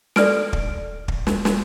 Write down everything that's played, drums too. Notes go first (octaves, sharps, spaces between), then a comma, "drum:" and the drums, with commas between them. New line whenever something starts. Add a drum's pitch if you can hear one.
A4 D5 F6 D7, drum: snare
drum: kick
drum: kick
drum: snare
drum: snare